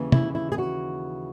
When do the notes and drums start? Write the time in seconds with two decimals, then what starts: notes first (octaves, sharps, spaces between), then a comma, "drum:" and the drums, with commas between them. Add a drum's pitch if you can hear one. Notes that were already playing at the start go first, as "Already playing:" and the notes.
Already playing: D#2 C#3 E3
0.12 E4, drum: tom
0.35 E4
0.52 G#4
0.58 F#4